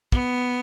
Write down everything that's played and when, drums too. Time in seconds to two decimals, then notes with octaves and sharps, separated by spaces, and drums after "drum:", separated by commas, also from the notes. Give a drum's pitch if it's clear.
0.12 B3, drum: kick